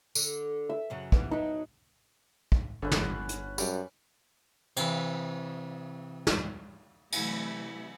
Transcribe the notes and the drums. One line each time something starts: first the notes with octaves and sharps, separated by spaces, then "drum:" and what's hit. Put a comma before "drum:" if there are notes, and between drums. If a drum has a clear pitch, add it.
D3, drum: tambourine
E5
F#2 C#3 F#3
E3 G3 B3, drum: kick
F#3 B3 D#4
drum: kick
G1 D3 C#4 B4 F#5
drum: snare
drum: hi-hat
F#2 G3, drum: tambourine
C3 E3, drum: cymbal
drum: snare
C3 E3 F#3 A3 E4, drum: cymbal